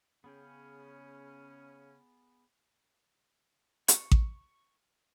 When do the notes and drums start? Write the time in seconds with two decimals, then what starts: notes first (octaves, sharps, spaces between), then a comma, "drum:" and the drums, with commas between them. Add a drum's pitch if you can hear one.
0.24 C#3 B3 C#4 G#4 G5
3.88 C#6, drum: hi-hat
4.11 drum: kick A1